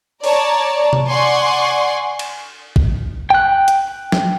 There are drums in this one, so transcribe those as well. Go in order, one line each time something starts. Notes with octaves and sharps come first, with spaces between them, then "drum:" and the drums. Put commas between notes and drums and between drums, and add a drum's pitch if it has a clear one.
C#5 D5 A5 A#5, drum: open hi-hat
drum: tom C3
D5 F#5 G#5 C6 C#6
drum: cymbal
drum: kick A1
G5 F#6
drum: hi-hat
drum: snare